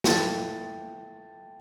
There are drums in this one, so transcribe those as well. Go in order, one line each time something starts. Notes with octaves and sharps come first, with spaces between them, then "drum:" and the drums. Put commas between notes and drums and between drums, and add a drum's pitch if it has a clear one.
E4 F4 A4 G5 A5 A6, drum: snare